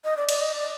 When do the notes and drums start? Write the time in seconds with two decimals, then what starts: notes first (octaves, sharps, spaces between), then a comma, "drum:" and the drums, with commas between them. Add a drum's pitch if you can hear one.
0.05 D#5
0.17 D5
0.29 D5, drum: cymbal
0.41 D#5
0.53 D5